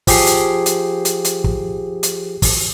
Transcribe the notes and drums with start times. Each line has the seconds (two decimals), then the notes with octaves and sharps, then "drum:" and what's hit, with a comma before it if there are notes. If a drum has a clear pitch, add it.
0.07 F3 G4 G#4 C7, drum: kick, open hi-hat
0.27 drum: hi-hat
0.66 drum: hi-hat
1.05 drum: hi-hat
1.25 drum: hi-hat
1.44 drum: kick
2.03 drum: hi-hat
2.42 drum: kick, open hi-hat